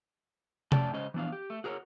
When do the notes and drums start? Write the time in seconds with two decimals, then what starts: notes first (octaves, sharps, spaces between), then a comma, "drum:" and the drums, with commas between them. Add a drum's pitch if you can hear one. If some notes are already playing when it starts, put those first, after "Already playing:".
0.72 F2 A3 C#4 D5 G5 A5, drum: tom C3
0.93 C#3 G#3 C#4 C5 D#5
1.14 E3 F3 B3 D4 F5
1.32 G4
1.50 A3
1.64 F#4 G#4 A#4 B4 C#5